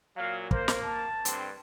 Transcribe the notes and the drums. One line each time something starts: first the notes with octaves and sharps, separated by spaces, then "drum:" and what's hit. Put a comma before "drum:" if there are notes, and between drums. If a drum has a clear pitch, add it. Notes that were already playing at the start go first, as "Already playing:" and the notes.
A#2 F#3 F5
A#3 C5, drum: kick
drum: snare
A5
G2 D3 C4, drum: hi-hat